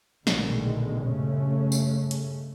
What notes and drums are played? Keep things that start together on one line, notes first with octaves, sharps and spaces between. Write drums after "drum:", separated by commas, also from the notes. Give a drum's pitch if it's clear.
A#1 B2 D3 D#3 G#3 A3, drum: snare
G2 C#3 G#3 A3 C#4
drum: tambourine
drum: hi-hat